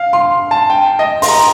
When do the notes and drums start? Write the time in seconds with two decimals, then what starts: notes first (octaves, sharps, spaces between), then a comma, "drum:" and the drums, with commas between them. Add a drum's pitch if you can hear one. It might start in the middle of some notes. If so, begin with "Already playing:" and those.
Already playing: F5
0.13 C6
0.51 A5
0.70 G5
0.99 D#5
1.22 C6, drum: open hi-hat
1.28 A#5